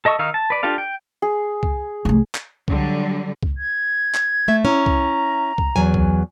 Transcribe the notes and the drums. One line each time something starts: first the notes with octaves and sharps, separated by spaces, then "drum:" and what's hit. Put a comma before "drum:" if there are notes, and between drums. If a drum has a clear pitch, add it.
A4 D#5 E5 C#6 E6
D#3 D#4 F5 E6 F6
A5
B4 D5
D4 F4 G4 A4 F5
G5
G#4
drum: kick C2
C2 A3
drum: clap
D3 F#3 G3, drum: kick C2
drum: kick C2
G#6
drum: clap
A3 E5
C#4 E4 A#5
drum: kick C2
drum: kick C2
E2 F#3 G#5
drum: kick C2